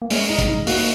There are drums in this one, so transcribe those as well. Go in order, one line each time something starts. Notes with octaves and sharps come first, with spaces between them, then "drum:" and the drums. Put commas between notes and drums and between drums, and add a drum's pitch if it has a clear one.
A#3
G#3 C#4, drum: open hi-hat
D#4
drum: kick, hi-hat
D#4
A#3 F#4, drum: open hi-hat